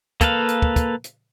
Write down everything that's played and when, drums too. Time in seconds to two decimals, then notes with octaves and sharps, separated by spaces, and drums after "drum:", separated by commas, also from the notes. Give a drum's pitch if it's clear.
0.21 A#3 A4 B4 F5, drum: kick, hi-hat
0.49 drum: hi-hat
0.62 drum: kick
0.76 drum: kick, hi-hat
1.04 drum: hi-hat